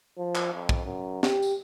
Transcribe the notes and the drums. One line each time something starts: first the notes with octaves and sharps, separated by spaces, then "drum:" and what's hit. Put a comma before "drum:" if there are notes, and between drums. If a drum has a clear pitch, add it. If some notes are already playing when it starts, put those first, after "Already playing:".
F3
drum: clap
F2
drum: kick
F#2
G4, drum: snare
drum: tambourine